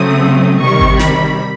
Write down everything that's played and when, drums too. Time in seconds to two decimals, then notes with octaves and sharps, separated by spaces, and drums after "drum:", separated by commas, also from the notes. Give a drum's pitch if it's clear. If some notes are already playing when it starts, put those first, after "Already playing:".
Already playing: C#3 F#3 A3 C4 D#6
0.60 C3 D#3 G3 C#6
0.79 drum: kick G#1
0.99 B5, drum: snare